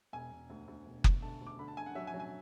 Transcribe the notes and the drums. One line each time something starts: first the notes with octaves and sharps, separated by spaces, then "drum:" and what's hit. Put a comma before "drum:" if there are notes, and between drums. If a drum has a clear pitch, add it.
E1 G#5
E1
D2
D2
E1
E1, drum: kick F#1
D3 A5
D2
D6
D3 B5
A5
D3 G#5
F#5
F#3 E5
G#5
F#3
G#5